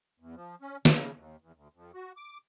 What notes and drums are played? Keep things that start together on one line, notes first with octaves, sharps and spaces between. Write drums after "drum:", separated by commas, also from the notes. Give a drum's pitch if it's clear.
E2
F3
C#4
C#3, drum: snare
D#2
E2
D2
F2
F#4
D6